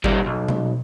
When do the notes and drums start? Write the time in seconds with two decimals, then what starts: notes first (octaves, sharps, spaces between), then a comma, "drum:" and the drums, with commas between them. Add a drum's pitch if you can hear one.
0.04 A#2 G3, drum: kick G1
0.26 B1
0.48 drum: tom B2